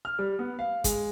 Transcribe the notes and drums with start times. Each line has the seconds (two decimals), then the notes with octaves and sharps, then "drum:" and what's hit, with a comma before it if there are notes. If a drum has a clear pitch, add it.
0.05 F6
0.19 G3
0.39 B3
0.59 F5
0.84 G#3, drum: kick, hi-hat